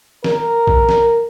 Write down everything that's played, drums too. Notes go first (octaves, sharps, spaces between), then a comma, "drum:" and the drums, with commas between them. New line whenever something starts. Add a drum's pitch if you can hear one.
A#4, drum: snare
drum: kick
drum: snare